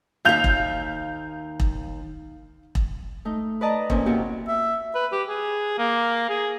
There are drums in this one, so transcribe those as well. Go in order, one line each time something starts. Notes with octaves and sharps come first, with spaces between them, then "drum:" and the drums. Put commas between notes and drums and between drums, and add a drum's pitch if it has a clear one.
D#2 D#4 E5 F5 G6 F7
drum: kick E1
drum: kick E1
drum: kick E1
A3 D#4
B4 D5 D#5 A5 A#5
F2 A#2 A#3 C4 C#4, drum: kick E1
C3 A#3 B3 E4 F#4 G4
E5
B4
G4
G#4
A#3
G#4